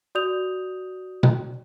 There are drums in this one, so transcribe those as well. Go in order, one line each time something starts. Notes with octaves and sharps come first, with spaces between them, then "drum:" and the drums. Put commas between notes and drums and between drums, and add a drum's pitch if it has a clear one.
F#4 D5 D#6 G6 F7
drum: tom B2